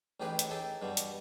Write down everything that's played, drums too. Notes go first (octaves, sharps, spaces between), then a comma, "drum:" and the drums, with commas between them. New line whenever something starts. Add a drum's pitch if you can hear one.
A1 A2 D#4 G4 G#4 B4
drum: hi-hat
D#4 G#4 A4 G5
G2 B2 G3
drum: hi-hat